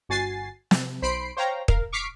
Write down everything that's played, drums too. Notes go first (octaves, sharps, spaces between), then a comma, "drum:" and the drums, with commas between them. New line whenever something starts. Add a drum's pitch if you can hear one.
G1 F#4 G#5 A6 C7
C3, drum: snare
B1 C5 B5 C6 C7 D7
C5 C#5 F5 G5 A#5
A#4 F5, drum: kick
C#6 D6 F6 B6 C7 D7